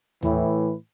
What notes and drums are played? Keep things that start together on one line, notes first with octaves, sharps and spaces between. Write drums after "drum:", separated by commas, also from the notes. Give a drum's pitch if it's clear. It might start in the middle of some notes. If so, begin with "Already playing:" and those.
A2 E3 B4, drum: tom D#2